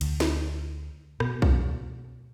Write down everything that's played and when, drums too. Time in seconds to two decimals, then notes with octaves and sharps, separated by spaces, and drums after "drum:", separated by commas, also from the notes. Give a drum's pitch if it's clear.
0.01 D2, drum: cymbal
0.20 drum: snare
1.20 B2, drum: rim click
1.42 drum: kick B1